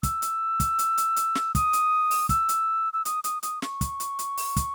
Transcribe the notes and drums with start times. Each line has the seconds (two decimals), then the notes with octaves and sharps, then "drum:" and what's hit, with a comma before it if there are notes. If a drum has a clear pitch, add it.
0.03 E6, drum: kick, hi-hat
0.22 drum: hi-hat
0.60 drum: kick, hi-hat
0.79 drum: hi-hat
0.98 drum: hi-hat
1.16 drum: hi-hat
1.35 drum: snare
1.55 D#6, drum: kick, hi-hat
1.73 drum: hi-hat
2.11 drum: open hi-hat
2.29 E6, drum: kick, hi-hat
2.49 drum: hi-hat
2.93 E6
3.05 D#6, drum: hi-hat
3.24 D#6, drum: hi-hat
3.43 D#6, drum: hi-hat
3.62 C#6, drum: snare
3.81 drum: kick, hi-hat
4.00 drum: hi-hat
4.19 drum: hi-hat
4.38 drum: open hi-hat
4.56 drum: kick, hi-hat